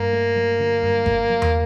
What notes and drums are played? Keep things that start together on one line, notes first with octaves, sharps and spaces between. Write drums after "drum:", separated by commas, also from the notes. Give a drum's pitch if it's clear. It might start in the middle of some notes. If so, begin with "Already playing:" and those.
Already playing: G2 A#3
A3
F#3
D3
G2
A3, drum: kick F#1
F#3
drum: tom E2